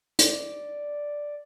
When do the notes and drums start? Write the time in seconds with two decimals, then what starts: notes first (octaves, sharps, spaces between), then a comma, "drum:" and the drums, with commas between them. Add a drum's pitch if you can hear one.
0.19 D5, drum: hi-hat